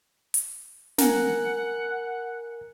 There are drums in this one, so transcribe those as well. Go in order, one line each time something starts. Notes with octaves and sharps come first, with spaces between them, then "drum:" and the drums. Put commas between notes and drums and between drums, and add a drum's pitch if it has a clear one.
drum: hi-hat
A#4 F#5 G#5, drum: snare